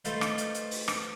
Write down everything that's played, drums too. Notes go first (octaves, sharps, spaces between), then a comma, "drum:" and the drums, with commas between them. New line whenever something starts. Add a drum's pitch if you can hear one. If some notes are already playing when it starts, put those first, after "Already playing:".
A3 D#4 F4 A4 B4 C5, drum: hi-hat
drum: rim click
drum: hi-hat
drum: hi-hat
drum: open hi-hat
drum: rim click